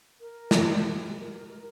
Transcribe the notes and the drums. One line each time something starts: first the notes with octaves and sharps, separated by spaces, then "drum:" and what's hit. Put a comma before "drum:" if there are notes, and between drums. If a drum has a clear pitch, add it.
A#4
drum: snare
G4
F#4
G4
A#4
A#4
A#4